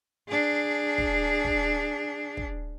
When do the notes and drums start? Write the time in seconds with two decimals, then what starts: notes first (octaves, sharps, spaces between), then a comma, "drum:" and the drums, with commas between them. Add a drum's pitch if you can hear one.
0.28 D4 G#4
0.98 drum: kick
1.44 drum: kick
2.37 drum: kick